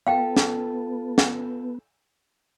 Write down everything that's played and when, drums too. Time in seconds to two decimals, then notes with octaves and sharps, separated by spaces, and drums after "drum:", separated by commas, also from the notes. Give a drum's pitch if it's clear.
0.07 B3 F4 A4 F5 G5
0.37 drum: snare
1.18 drum: snare